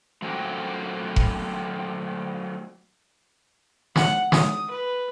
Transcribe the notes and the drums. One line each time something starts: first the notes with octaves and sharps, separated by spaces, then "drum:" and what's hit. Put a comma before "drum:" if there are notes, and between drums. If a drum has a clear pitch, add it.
F#3 A3 C4 C#4 F#4 G4
drum: kick F1
F#5, drum: snare
D#6, drum: snare
B4